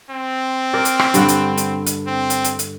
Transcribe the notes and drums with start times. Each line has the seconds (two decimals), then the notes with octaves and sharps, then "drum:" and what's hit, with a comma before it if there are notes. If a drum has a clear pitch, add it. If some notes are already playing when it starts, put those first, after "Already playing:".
0.10 C4
0.73 A#4 D5
0.85 drum: hi-hat
0.99 drum: rim click
1.14 G2 D3 F#5, drum: hi-hat
1.28 drum: hi-hat
1.57 drum: hi-hat
1.86 drum: hi-hat
2.07 C4
2.30 drum: hi-hat
2.44 drum: hi-hat
2.59 drum: hi-hat